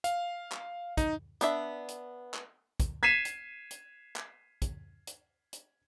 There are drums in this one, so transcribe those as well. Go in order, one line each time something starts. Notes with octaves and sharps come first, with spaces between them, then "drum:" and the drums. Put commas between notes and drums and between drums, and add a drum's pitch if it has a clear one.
F5, drum: hi-hat
drum: clap
D#4, drum: kick, hi-hat
B3 D4 E5, drum: hi-hat
drum: hi-hat
drum: clap
drum: kick, hi-hat
G#6 B6 C7 D#7 E7
drum: hi-hat
drum: hi-hat
drum: clap
drum: kick, hi-hat
drum: hi-hat
drum: hi-hat